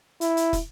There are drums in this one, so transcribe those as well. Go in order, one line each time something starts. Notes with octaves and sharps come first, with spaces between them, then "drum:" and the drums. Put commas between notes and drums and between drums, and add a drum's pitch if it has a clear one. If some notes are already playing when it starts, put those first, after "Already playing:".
E4, drum: hi-hat
drum: hi-hat
drum: kick, hi-hat